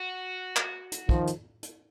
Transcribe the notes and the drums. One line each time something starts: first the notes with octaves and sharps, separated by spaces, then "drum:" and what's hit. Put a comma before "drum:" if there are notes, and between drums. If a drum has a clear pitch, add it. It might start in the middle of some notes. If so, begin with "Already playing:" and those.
Already playing: F#4
drum: clap
drum: hi-hat
D#3 F3, drum: kick
drum: hi-hat
drum: hi-hat